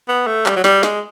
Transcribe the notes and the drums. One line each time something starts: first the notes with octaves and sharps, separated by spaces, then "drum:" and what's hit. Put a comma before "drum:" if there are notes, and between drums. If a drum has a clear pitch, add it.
B3
A3
G3, drum: clap
F#3
G3, drum: snare
G#3, drum: snare